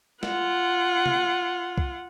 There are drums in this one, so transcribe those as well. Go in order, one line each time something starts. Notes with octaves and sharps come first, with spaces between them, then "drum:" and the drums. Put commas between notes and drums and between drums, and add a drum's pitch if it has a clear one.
F4 F#5, drum: snare
drum: tom
drum: kick